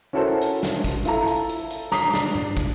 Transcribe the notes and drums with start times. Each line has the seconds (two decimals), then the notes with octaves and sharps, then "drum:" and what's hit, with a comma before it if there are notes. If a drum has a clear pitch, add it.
0.13 C#4 E4 F#4 A4 A#4 C5
0.41 drum: hi-hat
0.63 drum: snare
0.84 drum: kick, hi-hat
1.05 E4 F4 A4 A#5, drum: hi-hat
1.27 drum: hi-hat
1.49 drum: hi-hat
1.71 drum: hi-hat
1.92 A#5 D#6 B6 C7, drum: snare
2.14 D4, drum: snare
2.35 drum: tom G2
2.57 drum: kick, hi-hat